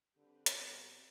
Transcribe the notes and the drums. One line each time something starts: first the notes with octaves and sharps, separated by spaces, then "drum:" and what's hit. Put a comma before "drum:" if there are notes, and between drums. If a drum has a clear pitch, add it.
D3 G3 C4 G4 B4
B2, drum: hi-hat